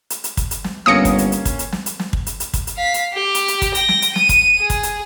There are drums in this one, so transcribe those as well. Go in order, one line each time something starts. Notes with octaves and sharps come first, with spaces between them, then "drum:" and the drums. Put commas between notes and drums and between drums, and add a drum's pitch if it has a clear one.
drum: hi-hat
drum: hi-hat
drum: kick, hi-hat
drum: hi-hat
drum: snare
G1 A#3 C#4 D#6 A#6 C#7
drum: kick, hi-hat
drum: hi-hat
drum: hi-hat
drum: kick, hi-hat
drum: hi-hat
drum: snare
drum: hi-hat
drum: snare
drum: kick
drum: hi-hat
drum: hi-hat
drum: kick, hi-hat
drum: hi-hat
F5 B6
drum: hi-hat
G4
drum: hi-hat
drum: hi-hat
drum: kick, hi-hat
G5 A#6, drum: hi-hat
drum: snare
drum: hi-hat
D#7, drum: snare
drum: kick, hi-hat
G#4
drum: kick, hi-hat
drum: hi-hat